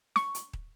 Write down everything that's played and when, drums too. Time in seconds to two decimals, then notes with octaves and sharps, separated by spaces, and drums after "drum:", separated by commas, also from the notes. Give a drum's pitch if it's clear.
0.16 C#6, drum: snare
0.35 drum: hi-hat
0.53 drum: kick